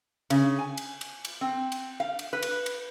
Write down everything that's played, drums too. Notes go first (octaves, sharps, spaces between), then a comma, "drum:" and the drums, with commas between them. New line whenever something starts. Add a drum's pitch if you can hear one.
C#3, drum: cymbal
G#5
drum: cymbal
drum: cymbal
drum: cymbal
C4
drum: cymbal
F5
drum: cymbal
B4
drum: cymbal
drum: cymbal